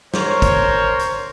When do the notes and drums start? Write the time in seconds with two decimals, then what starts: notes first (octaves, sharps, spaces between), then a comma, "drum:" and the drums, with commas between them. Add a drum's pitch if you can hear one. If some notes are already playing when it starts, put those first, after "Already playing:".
0.14 A#4 C5 C#5, drum: snare
0.42 drum: kick, hi-hat
0.99 drum: hi-hat